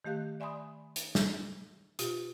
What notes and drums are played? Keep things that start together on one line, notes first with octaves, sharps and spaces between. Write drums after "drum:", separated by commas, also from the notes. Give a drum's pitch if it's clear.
D#3 A3 G4 F5 F#6
D5 E5 G#5 B5 C6 D#6
drum: hi-hat
drum: snare
B2 F4 G4, drum: hi-hat